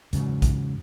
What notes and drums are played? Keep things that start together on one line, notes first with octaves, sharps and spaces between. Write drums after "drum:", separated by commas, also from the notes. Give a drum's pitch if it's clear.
E2 G#2 C#3 F#3, drum: hi-hat
drum: kick, hi-hat